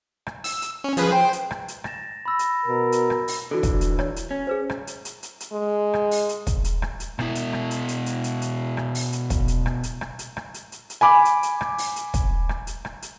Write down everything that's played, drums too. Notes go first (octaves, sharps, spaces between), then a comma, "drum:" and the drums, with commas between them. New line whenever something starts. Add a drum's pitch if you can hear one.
drum: rim click
E6, drum: open hi-hat
drum: hi-hat
C#4
F3 G#4 B4, drum: hi-hat
C5 G5
drum: hi-hat
drum: rim click
drum: hi-hat
A6 A#6 E7, drum: rim click
B5 E6 A#6
drum: hi-hat
B2 A#4
drum: hi-hat
drum: rim click
drum: open hi-hat
D3 E3 F#4 A4
drum: kick, hi-hat
drum: hi-hat
C#5, drum: rim click
drum: hi-hat
C#4
G#4 B4 C5
drum: rim click
drum: hi-hat
drum: hi-hat
drum: hi-hat
drum: hi-hat
G#3
drum: rim click
drum: open hi-hat
drum: hi-hat
drum: kick, hi-hat
drum: hi-hat
drum: rim click
drum: hi-hat
B2 E4, drum: rim click
drum: hi-hat
drum: rim click
drum: hi-hat
drum: hi-hat
drum: hi-hat
drum: hi-hat
drum: hi-hat
drum: rim click
drum: open hi-hat
drum: hi-hat
drum: kick, hi-hat
drum: hi-hat
drum: rim click
drum: hi-hat
drum: rim click
drum: hi-hat
drum: rim click
drum: hi-hat
drum: hi-hat
drum: hi-hat
G#5 B5 D6
drum: hi-hat
drum: hi-hat
drum: rim click
drum: open hi-hat
drum: hi-hat
drum: kick, hi-hat
drum: rim click
drum: hi-hat
drum: rim click
drum: hi-hat